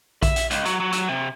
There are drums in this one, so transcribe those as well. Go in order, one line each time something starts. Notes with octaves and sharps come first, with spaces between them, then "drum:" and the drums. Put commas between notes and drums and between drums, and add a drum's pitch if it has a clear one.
E5, drum: kick A#1, hi-hat
drum: hi-hat
C#2, drum: hi-hat
F#3, drum: hi-hat
F#3
F#3, drum: hi-hat
C3